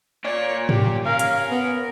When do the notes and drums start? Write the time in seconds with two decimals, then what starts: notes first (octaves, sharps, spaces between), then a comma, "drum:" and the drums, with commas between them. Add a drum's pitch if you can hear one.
0.24 A#2 C#5 D5
0.69 G4, drum: tom
1.05 C#4 A#4 F5
1.19 drum: hi-hat
1.50 B3